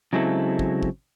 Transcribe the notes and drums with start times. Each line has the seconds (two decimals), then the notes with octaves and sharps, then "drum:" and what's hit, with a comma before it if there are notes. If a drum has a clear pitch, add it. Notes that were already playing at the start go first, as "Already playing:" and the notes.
0.13 C#3 F#3 G#3 C4 E4 A4
0.59 drum: kick
0.83 drum: kick